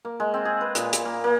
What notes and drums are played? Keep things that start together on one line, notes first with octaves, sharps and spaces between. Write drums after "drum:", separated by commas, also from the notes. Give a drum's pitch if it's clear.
A#3
G#3
C4
G#4
B4
A#2, drum: hi-hat
drum: hi-hat
A#3
A#3